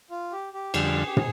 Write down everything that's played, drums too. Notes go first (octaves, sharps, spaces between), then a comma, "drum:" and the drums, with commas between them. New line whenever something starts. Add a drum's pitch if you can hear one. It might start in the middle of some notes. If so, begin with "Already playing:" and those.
F4
G4
G4
F2 D3 G3 G#4, drum: cymbal
G4
G#4, drum: tom